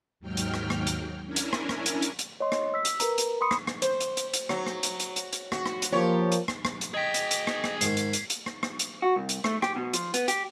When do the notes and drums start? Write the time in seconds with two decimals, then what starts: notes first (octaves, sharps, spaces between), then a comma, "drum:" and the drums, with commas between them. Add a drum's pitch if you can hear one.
0.20 D#2 G#2 F#3 G5 F6
0.37 drum: hi-hat
0.54 drum: rim click
0.70 drum: rim click
0.87 drum: hi-hat
1.26 C#4 D4 E4 A#4 G#5
1.36 drum: hi-hat
1.53 drum: rim click
1.69 drum: rim click
1.86 drum: hi-hat
2.02 drum: hi-hat
2.19 drum: hi-hat
2.40 C#5 D#5 C6
2.52 drum: rim click
2.74 E6 B6
2.85 drum: hi-hat
3.00 A#4 B4 A#5, drum: hi-hat
3.18 drum: hi-hat
3.41 B5 C6 D#6 C#7
3.51 drum: rim click
3.67 drum: rim click
3.82 C5, drum: hi-hat
4.00 drum: hi-hat
4.17 drum: hi-hat
4.33 drum: hi-hat
4.49 F#3, drum: rim click
4.66 drum: rim click
4.83 drum: hi-hat
5.00 drum: hi-hat
5.16 drum: hi-hat
5.33 drum: hi-hat
5.52 F#4, drum: rim click
5.66 drum: rim click
5.82 drum: hi-hat
5.92 F3 A#3 G4 C#5
6.32 drum: hi-hat
6.48 drum: rim click
6.65 drum: rim click
6.81 drum: hi-hat
6.94 G#4 D#5 G5 G#6 B6
7.14 drum: hi-hat
7.31 drum: hi-hat
7.47 drum: rim click
7.64 drum: rim click
7.81 G#2 D#3 C7, drum: hi-hat
7.97 drum: hi-hat
8.13 drum: hi-hat
8.30 drum: hi-hat
8.46 drum: rim click
8.63 drum: rim click
8.79 drum: hi-hat
9.02 F#4
9.16 C2
9.29 drum: hi-hat
9.44 A3, drum: rim click
9.62 G4, drum: rim click
9.76 B2
9.93 F3, drum: hi-hat
10.14 B3, drum: hi-hat
10.28 G4, drum: hi-hat